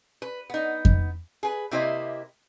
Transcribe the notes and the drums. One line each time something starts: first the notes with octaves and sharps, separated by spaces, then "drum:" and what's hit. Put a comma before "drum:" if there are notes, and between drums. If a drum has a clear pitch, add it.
B4
B3 D#4
drum: kick F2
G#4 B4
C3 A#3 E4 G4 C5 D#5